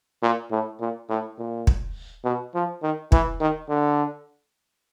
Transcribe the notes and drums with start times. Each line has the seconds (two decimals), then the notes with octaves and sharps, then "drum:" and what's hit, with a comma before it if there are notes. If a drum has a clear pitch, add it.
0.23 A#2
0.51 A2
0.80 A#2
1.09 A2
1.38 A#2
1.67 drum: kick
2.24 B2
2.54 F3
2.83 D#3
3.12 E3, drum: kick
3.41 D#3
3.69 D3